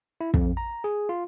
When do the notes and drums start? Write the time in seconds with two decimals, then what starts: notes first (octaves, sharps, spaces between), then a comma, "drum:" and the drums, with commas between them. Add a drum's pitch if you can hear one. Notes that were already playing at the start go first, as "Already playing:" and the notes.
0.21 E4
0.34 F2, drum: kick
0.57 A#5
0.84 G#4
1.09 F4